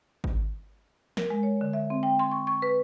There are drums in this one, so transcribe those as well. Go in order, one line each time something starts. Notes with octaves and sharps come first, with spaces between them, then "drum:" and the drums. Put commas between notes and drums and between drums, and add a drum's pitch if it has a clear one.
drum: kick G#1
A#4, drum: snare
G#3
C#5
D3
E5
C4
G5
C6
C#6
C#6
B4